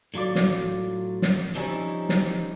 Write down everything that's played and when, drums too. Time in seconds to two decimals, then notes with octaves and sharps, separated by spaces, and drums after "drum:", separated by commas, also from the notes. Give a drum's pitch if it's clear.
0.14 A2 F#3 F4 D5
0.35 drum: snare
1.22 drum: snare
1.55 F3 G3 C4 C#4 D#4 E4
2.09 drum: snare